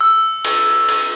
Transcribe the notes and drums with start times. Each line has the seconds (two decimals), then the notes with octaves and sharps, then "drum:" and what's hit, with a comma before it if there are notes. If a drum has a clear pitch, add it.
0.01 E6
0.45 drum: cymbal
0.89 drum: cymbal